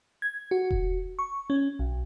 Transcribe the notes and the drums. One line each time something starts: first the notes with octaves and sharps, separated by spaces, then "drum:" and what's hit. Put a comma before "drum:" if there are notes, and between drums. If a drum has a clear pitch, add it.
G#6
F#4
drum: kick E1
C#6
C#4
B1